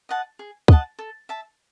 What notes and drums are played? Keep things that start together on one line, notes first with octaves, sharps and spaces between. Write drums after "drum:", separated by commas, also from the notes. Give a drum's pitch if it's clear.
D#5 F#5 A5
G#4
D#5 F#5 A5, drum: kick
A4
E5 A5